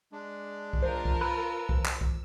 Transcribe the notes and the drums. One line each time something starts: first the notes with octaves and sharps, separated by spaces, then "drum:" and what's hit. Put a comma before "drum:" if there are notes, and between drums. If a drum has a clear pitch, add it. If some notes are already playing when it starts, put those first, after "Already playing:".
G#3 D4
drum: kick C2
F4 A#4 C5 A5
drum: kick C2
B4 E6
drum: kick C2
drum: clap
drum: kick C2